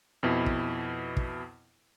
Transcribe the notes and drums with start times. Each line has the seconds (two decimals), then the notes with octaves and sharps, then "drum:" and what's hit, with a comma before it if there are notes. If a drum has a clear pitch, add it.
0.23 F2 B2 E4
0.46 drum: kick
1.17 drum: kick